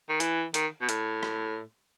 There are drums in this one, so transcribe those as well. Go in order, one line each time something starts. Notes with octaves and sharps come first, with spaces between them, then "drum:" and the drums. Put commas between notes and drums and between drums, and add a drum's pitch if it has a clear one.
D#3
E3, drum: hi-hat
D#3, drum: hi-hat
B2
A2, drum: hi-hat
drum: rim click